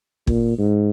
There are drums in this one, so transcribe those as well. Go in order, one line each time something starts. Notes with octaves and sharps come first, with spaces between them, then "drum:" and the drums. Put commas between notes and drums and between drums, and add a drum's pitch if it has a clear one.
A#2, drum: kick
G#2